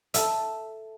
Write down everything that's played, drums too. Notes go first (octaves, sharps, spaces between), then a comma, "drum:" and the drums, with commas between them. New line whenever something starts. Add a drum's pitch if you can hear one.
A4 E5, drum: hi-hat